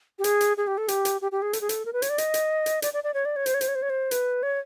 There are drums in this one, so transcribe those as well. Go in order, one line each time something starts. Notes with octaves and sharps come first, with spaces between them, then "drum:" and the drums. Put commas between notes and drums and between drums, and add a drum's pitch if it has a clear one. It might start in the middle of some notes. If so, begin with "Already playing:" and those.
G4
G#4, drum: hi-hat
drum: hi-hat
G#4
G4
A4
G4, drum: hi-hat
drum: hi-hat
G4
G4
G#4
A4, drum: hi-hat
G#4
A4, drum: hi-hat
A#4
B4
C#5, drum: hi-hat
D5
D#5, drum: hi-hat
drum: hi-hat
drum: hi-hat
D5, drum: hi-hat
D5
D5
C#5
D5
C#5
C5, drum: hi-hat
C#5
C5, drum: hi-hat
C#5
C5
C#5
C5
B4, drum: hi-hat
C#5